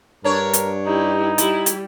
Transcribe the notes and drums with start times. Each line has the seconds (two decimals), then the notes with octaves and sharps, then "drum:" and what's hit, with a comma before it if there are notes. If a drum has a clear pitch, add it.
0.24 G2 D4 A#4 C#5
0.53 drum: hi-hat
0.87 D#4 E4 G4
1.38 G3 E4 G4, drum: hi-hat
1.66 drum: hi-hat